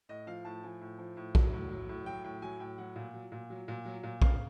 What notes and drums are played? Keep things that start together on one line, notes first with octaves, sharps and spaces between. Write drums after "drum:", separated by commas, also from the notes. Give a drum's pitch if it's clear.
A2 D#5
F3 F5
A2 A5
F3 G#5
A2
F3
A2
F#3, drum: kick A#1
A2
F#3
A2
F#3 G5
A2 G5
F#3 G#5
A2 G5
F#3 F#5
A#2
F#3
A#2
F#3
A#2
F#3
A#2
C#3 F5, drum: kick A#1